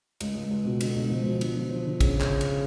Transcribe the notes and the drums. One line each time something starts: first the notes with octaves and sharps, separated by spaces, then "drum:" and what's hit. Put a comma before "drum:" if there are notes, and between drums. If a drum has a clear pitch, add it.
C#2, drum: cymbal
C#2
C#2
B2
B2 D3, drum: cymbal
C#2
C#2 F3
B2
D3, drum: cymbal
F3
F3
D3
C#3 F3, drum: kick, cymbal
drum: clap
drum: cymbal